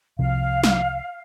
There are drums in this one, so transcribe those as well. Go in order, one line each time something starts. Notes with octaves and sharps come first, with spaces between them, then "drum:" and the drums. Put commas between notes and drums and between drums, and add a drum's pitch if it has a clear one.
C2 C3 F3 F5
drum: snare